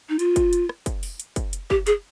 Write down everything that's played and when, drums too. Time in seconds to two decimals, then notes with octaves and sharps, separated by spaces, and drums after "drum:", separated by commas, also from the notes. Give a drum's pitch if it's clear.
0.09 D#4
0.19 F4, drum: hi-hat
0.36 drum: kick, hi-hat
0.53 drum: hi-hat
0.69 drum: rim click
0.86 drum: kick, hi-hat
1.03 drum: open hi-hat
1.20 drum: hi-hat
1.36 drum: kick, hi-hat
1.53 drum: hi-hat
1.70 G4, drum: kick
1.87 G#4, drum: hi-hat